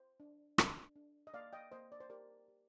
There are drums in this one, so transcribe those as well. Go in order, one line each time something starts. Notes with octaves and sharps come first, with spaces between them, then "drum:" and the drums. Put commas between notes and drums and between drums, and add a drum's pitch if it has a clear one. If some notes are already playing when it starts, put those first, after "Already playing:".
Already playing: C5
D4
D4, drum: rim click
D4
D#5
A#3 D5 F5
D#5 G5
A#3 C5 D#5
D5
C5
G4 A#4 D5
G4